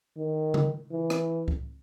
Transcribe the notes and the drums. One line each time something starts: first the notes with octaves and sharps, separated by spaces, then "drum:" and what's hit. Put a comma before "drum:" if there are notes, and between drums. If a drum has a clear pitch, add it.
D#3
drum: tom C#3
E3
drum: rim click
drum: kick C#2